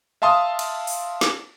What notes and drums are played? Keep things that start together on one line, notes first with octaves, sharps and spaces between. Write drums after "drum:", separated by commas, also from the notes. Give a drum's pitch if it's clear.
E5 F5 A5 C6 D#6
drum: cymbal
drum: open hi-hat
drum: snare